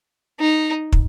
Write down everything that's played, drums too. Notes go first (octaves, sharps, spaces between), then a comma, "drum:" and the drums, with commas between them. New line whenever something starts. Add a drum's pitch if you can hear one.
D#4
drum: kick